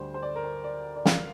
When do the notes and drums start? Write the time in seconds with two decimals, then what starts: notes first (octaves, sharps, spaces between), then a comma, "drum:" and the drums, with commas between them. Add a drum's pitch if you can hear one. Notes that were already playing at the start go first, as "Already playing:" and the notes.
Already playing: D2 D3 G3 C5
0.14 C5
0.22 D5
0.36 A#4
0.44 C5
0.64 D5
0.96 D5
1.05 F5, drum: snare